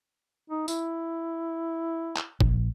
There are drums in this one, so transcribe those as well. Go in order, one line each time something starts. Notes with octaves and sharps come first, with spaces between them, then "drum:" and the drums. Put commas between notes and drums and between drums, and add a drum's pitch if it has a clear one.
D#4
E4, drum: tambourine
drum: clap
A#1, drum: kick